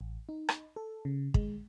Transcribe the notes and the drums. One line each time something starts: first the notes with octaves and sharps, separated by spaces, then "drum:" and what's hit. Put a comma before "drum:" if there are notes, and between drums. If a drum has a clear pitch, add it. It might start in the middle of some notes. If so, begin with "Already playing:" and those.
A1
D#4
drum: rim click
A4
C#3
G#3, drum: kick